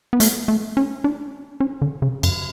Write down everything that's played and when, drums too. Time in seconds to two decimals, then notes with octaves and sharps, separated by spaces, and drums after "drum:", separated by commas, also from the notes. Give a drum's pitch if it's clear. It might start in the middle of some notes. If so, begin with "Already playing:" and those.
0.13 B3
0.20 A3, drum: hi-hat
0.48 A3
0.77 C#4
1.04 D4
1.60 C#4
1.82 D3
2.02 C#3
2.23 F#2, drum: cymbal